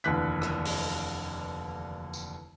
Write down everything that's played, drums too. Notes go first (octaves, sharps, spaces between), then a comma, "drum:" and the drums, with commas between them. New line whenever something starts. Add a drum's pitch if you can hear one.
F1 D#2 D3 E3 F#6 B6
drum: rim click
drum: open hi-hat
drum: tambourine